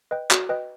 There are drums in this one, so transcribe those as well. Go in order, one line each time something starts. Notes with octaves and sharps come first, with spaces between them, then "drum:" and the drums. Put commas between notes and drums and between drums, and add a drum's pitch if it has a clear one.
B4 D#5 G5
F#4, drum: clap
B4 D#5 G5